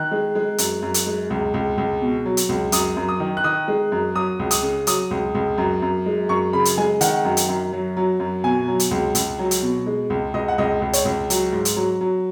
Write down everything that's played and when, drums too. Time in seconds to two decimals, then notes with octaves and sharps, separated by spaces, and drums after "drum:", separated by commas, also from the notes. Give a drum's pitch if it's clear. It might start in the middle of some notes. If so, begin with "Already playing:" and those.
Already playing: D#3 F#6
0.11 G#3
0.35 G#3
0.58 F#2, drum: hi-hat
0.82 F#2
0.94 drum: hi-hat
1.07 G#3
1.30 C#2
1.54 C#2
1.78 C#2
2.02 B2
2.26 F#3
2.37 drum: hi-hat
2.49 C#2
2.72 F#2 D#6, drum: hi-hat
2.97 F#2
3.08 D#6
3.20 D#3
3.37 F#6
3.44 D#3 D#6
3.68 G#3
3.92 F#2
4.15 F#3 D#6
4.39 C#2
4.51 D#6, drum: hi-hat
4.63 C#3
4.87 F#3 D#6, drum: hi-hat
5.11 C#2
5.35 C#2
5.58 F#2
5.82 F#2
6.06 G#3
6.29 F#2 C#6
6.53 C#3 B5
6.65 drum: hi-hat
6.78 G#3 G#5
7.01 D#3 F#5, drum: hi-hat
7.25 F#2
7.37 drum: hi-hat
7.49 F#2
7.72 F#3
7.97 F#3
8.20 F#2
8.44 B2 G#5
8.68 F#3
8.80 drum: hi-hat
8.91 C#2
9.15 C#2, drum: hi-hat
9.39 F#3
9.51 drum: hi-hat
9.62 B2
9.86 G#3
10.10 C#2
10.34 C#2 D#5
10.48 F#5
10.58 C#2 D#5
10.82 C#2
10.93 C#5, drum: hi-hat
11.05 C#2
11.30 F#3, drum: hi-hat
11.53 G#2
11.65 drum: hi-hat
11.76 F#3
12.01 F#3